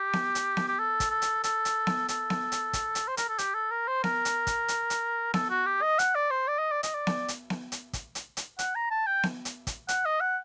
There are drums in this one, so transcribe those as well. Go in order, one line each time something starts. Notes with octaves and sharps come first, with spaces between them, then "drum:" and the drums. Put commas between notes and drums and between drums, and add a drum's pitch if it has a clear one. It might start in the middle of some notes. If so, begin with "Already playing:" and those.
Already playing: G4
drum: snare B3
drum: hi-hat
drum: snare B3
G4
A4
drum: kick, hi-hat
A4
drum: hi-hat
A4, drum: hi-hat
drum: hi-hat
drum: snare B3
A4, drum: hi-hat
drum: snare B3
drum: hi-hat
drum: kick, hi-hat
drum: hi-hat
C5
A#4, drum: hi-hat
A4
G4, drum: hi-hat
A4
A#4
C5
A#4, drum: snare B3
drum: hi-hat
drum: kick, hi-hat
drum: hi-hat
drum: hi-hat
A4, drum: snare B3
F#4
G4
D#5
F#5, drum: hi-hat
D5
C5
D5
D#5
D5
D#5, drum: hi-hat
D5
drum: snare B3
drum: hi-hat
drum: snare B3
drum: hi-hat
drum: kick, hi-hat
drum: hi-hat
drum: hi-hat
F#5, drum: hi-hat
A#5
A5
G5
drum: snare B3
drum: hi-hat
drum: kick, hi-hat
F#5, drum: hi-hat
D#5
F#5